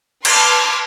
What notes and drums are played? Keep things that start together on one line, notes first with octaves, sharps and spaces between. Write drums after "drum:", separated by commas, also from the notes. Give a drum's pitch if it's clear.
B4 A5 C6 D6 F6 G#6, drum: cymbal